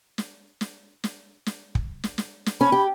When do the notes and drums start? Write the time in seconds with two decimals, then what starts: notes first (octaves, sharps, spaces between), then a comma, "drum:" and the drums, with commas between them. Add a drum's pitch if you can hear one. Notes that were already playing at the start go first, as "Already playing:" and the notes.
0.18 drum: snare
0.61 drum: snare
1.04 drum: snare
1.46 drum: snare
1.75 drum: kick
2.04 drum: snare
2.18 drum: snare
2.46 drum: snare
2.61 C#4 B5
2.72 G4